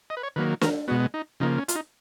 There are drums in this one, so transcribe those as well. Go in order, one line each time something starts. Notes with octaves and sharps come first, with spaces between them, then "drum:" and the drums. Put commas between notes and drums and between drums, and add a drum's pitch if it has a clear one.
D#5
B4
C#5
D#3 F#3 A#3 B4
A#4, drum: snare
B2 G#3 B3 F#4
D#4
C#3 F3 A#3 D#4
C#4
F4, drum: hi-hat
D#4